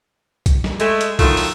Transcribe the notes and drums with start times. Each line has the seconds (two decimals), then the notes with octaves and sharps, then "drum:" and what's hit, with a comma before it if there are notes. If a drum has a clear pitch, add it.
0.46 drum: kick B1, hi-hat
0.64 drum: snare
0.80 G#3 A3, drum: hi-hat
1.01 drum: hi-hat
1.19 D3 D#3 F#3 A3 F4, drum: kick B1, open hi-hat
1.37 drum: open hi-hat